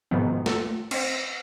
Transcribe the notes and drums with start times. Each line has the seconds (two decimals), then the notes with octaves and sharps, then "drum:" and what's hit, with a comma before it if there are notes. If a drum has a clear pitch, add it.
0.11 G#2 B2 D#3 F3 B3
0.46 A4, drum: snare A3
0.91 C4 C5, drum: cymbal